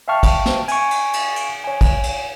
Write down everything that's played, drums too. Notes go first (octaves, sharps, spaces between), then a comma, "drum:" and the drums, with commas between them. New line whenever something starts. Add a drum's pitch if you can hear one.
E5 F5 G5 A5 C#6 F6
drum: kick, cymbal
drum: snare
G#5 C#6, drum: cymbal
drum: cymbal
drum: cymbal
drum: cymbal
C#5 G#5
drum: kick, cymbal
drum: cymbal